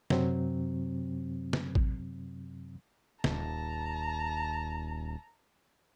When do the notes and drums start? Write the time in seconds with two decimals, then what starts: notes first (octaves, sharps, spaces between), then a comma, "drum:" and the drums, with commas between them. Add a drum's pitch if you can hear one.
0.10 F#2 C3 F#3 C4, drum: snare
1.53 drum: snare
1.75 drum: kick A1
3.24 D#1 A5 A#5, drum: snare